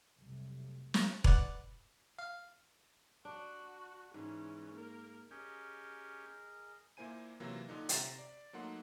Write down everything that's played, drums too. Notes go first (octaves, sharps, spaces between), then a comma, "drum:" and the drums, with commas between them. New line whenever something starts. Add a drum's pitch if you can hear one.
C2 F2 C3 F#3 G3 A3
drum: snare
B4 D5 F#5, drum: kick E1
F5
D4 F#4
G#2 E3 C#4
A#3 A#4
C#4 G4 G#4 A#4 D#5
A#2 A#3 E4 C5 G#5 D#7
C3 E3 F#3 A#3 E4 F4
A#2 D3 D#4
C3 E5 A#5 A6 B6 C7, drum: hi-hat
D5
F#3 A3 A#3 D#4 F#5 C6